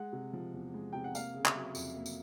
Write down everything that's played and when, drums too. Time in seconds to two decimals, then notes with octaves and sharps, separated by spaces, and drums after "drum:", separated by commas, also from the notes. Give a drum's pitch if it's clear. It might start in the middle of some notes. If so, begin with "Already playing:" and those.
Already playing: G#3 F#5
0.12 C3
0.33 F3
0.54 E2
0.74 G#3
0.93 C3 G5
1.04 F#5
1.15 A#3 F5, drum: tambourine
1.34 C#3
1.45 E5, drum: clap
1.55 F#3
1.75 F2, drum: tambourine
1.96 A#3
2.06 drum: tambourine